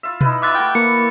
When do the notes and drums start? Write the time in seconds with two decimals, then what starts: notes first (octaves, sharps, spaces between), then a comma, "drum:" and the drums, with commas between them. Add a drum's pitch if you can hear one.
0.03 F4 E5
0.21 D#4 E4 B4, drum: tom B2
0.42 E4 F4 E5 G#5 D6 F#6 A6
0.55 A3 A#4 F#5 G5
0.75 E3 A#3 C#7